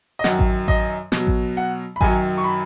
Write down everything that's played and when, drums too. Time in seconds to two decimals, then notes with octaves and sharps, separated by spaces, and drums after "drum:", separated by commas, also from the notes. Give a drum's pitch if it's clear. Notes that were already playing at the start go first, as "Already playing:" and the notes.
0.19 D#5
0.24 F#2 D#3 F#3 F#5, drum: snare
0.39 drum: kick A1
0.68 D#5, drum: kick A1
1.12 B2 F#3, drum: snare
1.27 drum: kick A1
1.57 F#5
1.96 B5
2.01 F#2 D#3 F#3 G#5, drum: kick A1
2.37 C#6
2.44 B5